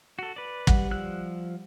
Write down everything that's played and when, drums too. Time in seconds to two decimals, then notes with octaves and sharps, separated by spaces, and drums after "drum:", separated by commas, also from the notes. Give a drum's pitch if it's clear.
0.19 F#4 A4
0.36 B4 D5
0.67 G3 F#5, drum: kick
0.91 F3 E6 F#6